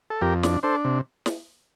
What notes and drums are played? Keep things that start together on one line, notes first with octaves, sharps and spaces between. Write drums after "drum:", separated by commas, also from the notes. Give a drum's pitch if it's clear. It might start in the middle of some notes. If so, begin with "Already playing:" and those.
A4
F2 G4 A#4
D4, drum: snare
D4 A4 C5
C3
drum: snare